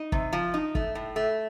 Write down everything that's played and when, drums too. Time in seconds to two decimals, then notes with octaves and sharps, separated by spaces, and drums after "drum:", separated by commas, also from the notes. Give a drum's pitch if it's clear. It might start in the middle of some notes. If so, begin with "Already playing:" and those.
Already playing: D#4
0.12 C3, drum: kick
0.33 F3
0.54 D#4
0.75 A3, drum: kick
0.95 A2
1.16 A3